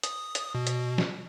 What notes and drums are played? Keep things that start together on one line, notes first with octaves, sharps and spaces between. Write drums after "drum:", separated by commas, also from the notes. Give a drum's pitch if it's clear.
D#6, drum: hi-hat
drum: hi-hat
B2
drum: hi-hat
drum: snare